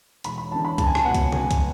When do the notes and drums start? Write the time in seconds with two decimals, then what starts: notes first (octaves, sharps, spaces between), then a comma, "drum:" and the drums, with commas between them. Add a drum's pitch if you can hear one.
0.24 E1 B5, drum: hi-hat
0.38 B5
0.51 E2 D3 A5
0.65 B5
0.78 C#2 A5, drum: kick, hi-hat
0.87 G#5
0.95 A5, drum: rim click
1.05 B2 F#5
1.15 drum: kick, hi-hat
1.32 C#2 G#5, drum: tom C3
1.51 drum: kick, hi-hat